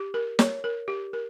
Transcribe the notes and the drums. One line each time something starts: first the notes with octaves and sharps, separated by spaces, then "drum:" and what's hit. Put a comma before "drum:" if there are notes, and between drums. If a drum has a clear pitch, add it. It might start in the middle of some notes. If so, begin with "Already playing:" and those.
Already playing: G4
A#4
C#5, drum: snare
A#4
G4
A#4